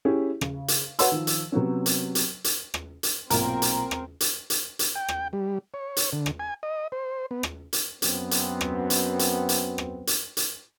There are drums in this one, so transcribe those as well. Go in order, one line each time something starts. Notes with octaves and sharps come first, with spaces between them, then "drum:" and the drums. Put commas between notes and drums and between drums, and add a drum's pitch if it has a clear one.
C#4 E4 G4 G#4
C#3, drum: rim click
drum: hi-hat
F#4 B4 C#5 F#5 C6 E6, drum: hi-hat
D#3 F3
drum: hi-hat
C3 F#3 B3 C#4
drum: hi-hat
drum: hi-hat
drum: hi-hat
drum: rim click
drum: hi-hat
B1 A#2 C4 A#4, drum: hi-hat
drum: hi-hat
drum: rim click
drum: hi-hat
drum: hi-hat
drum: hi-hat
G5
drum: rim click
G3
C#5
drum: hi-hat
D3
drum: rim click
G#5
D#5
C5
B3
drum: rim click
drum: hi-hat
F#2 B3 C4, drum: hi-hat
drum: hi-hat
drum: rim click
drum: hi-hat
drum: hi-hat
drum: hi-hat
drum: rim click
drum: hi-hat
drum: hi-hat